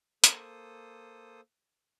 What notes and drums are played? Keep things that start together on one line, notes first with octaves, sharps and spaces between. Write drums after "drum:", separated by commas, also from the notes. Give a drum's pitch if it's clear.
A#3 A4 C5 D#6, drum: hi-hat